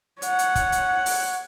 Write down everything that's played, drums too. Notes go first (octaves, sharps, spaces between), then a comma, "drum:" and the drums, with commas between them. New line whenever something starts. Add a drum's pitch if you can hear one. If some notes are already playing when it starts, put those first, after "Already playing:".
C#5 F#5, drum: hi-hat
drum: hi-hat
drum: kick, hi-hat
drum: hi-hat
drum: open hi-hat